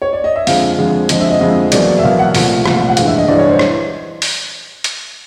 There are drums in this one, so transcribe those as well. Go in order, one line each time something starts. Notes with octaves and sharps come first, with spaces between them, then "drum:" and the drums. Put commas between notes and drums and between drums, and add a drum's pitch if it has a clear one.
C#5
D5
D#5
E5
F2 D3 F3 G#3 F5, drum: open hi-hat
F2 D3 F3 G#3
F2 D3 F3 G#3 D#5, drum: hi-hat
E5
D#5
F2 D3 F3 G#3
E2 B2 F#3 A#3 D5, drum: hi-hat
E5
E2 B2 F#3 A#3 F5
F#5
C2 A#2 F3 A3, drum: open hi-hat
C2 A#2 F3 A3, drum: rim click
F#5
G2 E3 G#3 F5, drum: hi-hat
E5
D#5
G2 E3 G#3 D5
C#5
C5
drum: rim click
drum: open hi-hat
drum: hi-hat